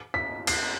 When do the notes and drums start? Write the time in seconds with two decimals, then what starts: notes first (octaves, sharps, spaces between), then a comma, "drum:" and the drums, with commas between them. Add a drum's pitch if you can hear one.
0.14 B6
0.47 C7, drum: cymbal